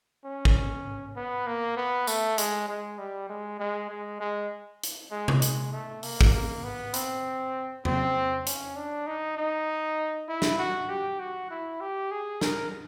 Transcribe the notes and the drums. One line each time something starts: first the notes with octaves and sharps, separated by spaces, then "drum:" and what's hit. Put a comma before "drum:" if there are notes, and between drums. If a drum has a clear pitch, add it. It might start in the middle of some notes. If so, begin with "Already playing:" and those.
C#4
drum: kick
B3
A#3
B3
A3, drum: tambourine
G#3, drum: hi-hat
G#3
G3
G#3
G#3
G#3
G#3
drum: hi-hat
G#3
drum: tom C3
G#3, drum: hi-hat
A3
A#3, drum: open hi-hat
drum: kick
A#3
B3
C4, drum: hi-hat
C4, drum: tom E2
C#4, drum: hi-hat
D4
D#4
D#4
E4
drum: snare
F#4
G4
F#4
E4
G4
G#4
A#4, drum: snare